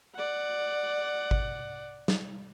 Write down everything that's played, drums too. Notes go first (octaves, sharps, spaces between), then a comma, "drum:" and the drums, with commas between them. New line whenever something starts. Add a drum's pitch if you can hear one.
D5 F#5
drum: kick G#1
drum: snare